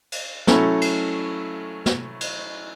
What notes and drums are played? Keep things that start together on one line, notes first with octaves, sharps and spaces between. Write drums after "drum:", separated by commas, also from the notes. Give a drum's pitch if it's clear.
drum: cymbal
F#3 A3 C#4 E4 A4, drum: snare
drum: cymbal
drum: snare
drum: cymbal